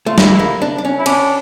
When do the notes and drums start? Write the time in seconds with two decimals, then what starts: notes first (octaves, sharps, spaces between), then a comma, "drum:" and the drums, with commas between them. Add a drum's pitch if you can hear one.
0.06 A3 F4
0.18 A#3 E4, drum: snare
0.39 A#3
0.62 D4
0.78 D4
0.85 C#4
0.99 E4
1.06 C#4 D4, drum: cymbal